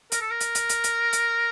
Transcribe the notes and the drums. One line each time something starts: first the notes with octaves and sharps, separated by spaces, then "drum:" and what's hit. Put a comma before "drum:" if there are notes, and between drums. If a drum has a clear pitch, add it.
A#4, drum: hi-hat
A4
A#4
drum: hi-hat
drum: hi-hat
drum: hi-hat
drum: hi-hat
drum: hi-hat